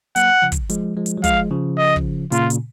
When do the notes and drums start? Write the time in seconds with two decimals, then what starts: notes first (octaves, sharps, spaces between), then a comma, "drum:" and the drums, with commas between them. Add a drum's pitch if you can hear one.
0.16 F#3 A#3 F#5, drum: hi-hat
0.42 C#3 F3
0.52 drum: kick, hi-hat
0.69 F3 G#3, drum: hi-hat
0.97 F3 G#3
1.06 drum: hi-hat
1.17 F#3
1.24 F3 G#3 F5, drum: kick, hi-hat
1.50 C#3 F3
1.78 D#5
1.96 drum: kick
2.32 A#2 C#3 F4, drum: hi-hat
2.50 drum: hi-hat